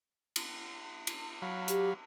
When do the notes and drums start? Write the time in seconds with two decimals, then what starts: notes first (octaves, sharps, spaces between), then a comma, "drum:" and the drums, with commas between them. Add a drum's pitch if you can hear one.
0.36 drum: cymbal
1.07 drum: cymbal
1.42 F#3 F5 B5
1.68 G4, drum: hi-hat